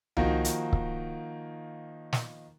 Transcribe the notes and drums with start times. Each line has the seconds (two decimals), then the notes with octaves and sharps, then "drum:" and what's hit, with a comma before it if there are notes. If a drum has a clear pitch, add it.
0.17 D#3 F3 A#3 D#4 F#4, drum: tom C2
0.45 drum: hi-hat
0.73 drum: kick C#1
2.13 drum: snare